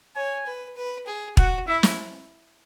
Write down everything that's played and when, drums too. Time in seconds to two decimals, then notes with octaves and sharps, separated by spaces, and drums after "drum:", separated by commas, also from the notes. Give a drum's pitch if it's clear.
0.16 C#5 G#5
0.46 B4
0.77 B4
1.07 G#4
1.37 F#4 F#5, drum: kick
1.67 E4 E5
1.83 drum: snare